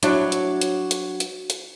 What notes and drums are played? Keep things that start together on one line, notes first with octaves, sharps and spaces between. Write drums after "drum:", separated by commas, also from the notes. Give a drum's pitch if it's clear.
F#3 D4 E4, drum: hi-hat
drum: hi-hat
drum: hi-hat
drum: hi-hat
drum: hi-hat
drum: hi-hat